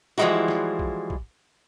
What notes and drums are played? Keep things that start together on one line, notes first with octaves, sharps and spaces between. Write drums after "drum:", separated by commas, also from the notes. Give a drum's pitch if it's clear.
E3 F3 G3 G#3 E4 F#4
drum: snare
drum: kick
drum: kick